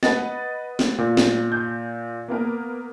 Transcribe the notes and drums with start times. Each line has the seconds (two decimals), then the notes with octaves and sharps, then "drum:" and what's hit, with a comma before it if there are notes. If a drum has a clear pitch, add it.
0.03 B4 D#5 F#5 A6, drum: snare
0.79 drum: snare
0.98 A#2
1.17 drum: snare
1.52 G6
2.28 A#3 B3 A#4